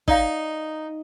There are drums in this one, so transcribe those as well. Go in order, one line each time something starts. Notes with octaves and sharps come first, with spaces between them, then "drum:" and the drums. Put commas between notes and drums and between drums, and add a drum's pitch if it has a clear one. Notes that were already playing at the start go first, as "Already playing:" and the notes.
D#4 D5 F5, drum: kick